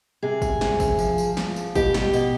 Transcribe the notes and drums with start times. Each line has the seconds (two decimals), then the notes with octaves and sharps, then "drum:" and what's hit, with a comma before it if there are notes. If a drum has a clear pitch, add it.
0.23 C3 G#4
0.42 drum: kick, tambourine
0.61 C3, drum: snare
0.80 drum: kick, tambourine
0.99 F3, drum: tambourine
1.18 drum: tambourine
1.37 F3, drum: snare
1.56 drum: tambourine
1.75 B2 G4, drum: kick, tambourine
1.94 drum: snare
2.13 B2, drum: tambourine